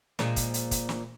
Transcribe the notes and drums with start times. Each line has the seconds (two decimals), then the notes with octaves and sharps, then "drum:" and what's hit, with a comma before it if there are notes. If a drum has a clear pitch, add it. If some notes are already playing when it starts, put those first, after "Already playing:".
0.19 A#2 F3 G#3, drum: snare
0.36 drum: kick, hi-hat
0.54 drum: hi-hat
0.71 drum: kick, hi-hat
0.89 drum: snare